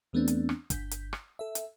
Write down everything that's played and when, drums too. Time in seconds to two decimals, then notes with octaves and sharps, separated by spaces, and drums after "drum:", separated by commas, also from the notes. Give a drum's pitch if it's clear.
0.13 E2 E3 A3 B3 C4 D4
0.28 drum: hi-hat
0.49 drum: rim click
0.70 G1 G6 B6, drum: kick, hi-hat
0.91 drum: hi-hat
1.13 drum: rim click
1.39 A4 E5
1.55 drum: hi-hat